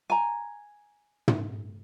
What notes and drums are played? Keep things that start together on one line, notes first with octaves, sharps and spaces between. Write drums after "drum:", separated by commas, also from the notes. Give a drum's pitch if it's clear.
G#5 A#5
drum: tom